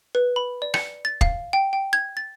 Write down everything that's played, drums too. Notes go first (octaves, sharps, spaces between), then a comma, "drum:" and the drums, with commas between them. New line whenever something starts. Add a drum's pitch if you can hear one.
B4
B5
D5
C#7, drum: rim click
A6
F5, drum: kick
G5
G5
G#6
A6